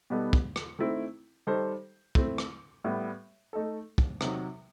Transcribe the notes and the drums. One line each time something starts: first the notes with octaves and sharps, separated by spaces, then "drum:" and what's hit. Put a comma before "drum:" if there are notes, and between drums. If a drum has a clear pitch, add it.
B2 G3 B3 D#4 A4
drum: kick
drum: rim click
D#3 A3 C4 E4
D#3 G3 D#4 A4 C5
A3 C4 E4, drum: kick
drum: rim click
A2 G3 B3
A3 D#4 A4
drum: kick
C3 D#3 F#3, drum: rim click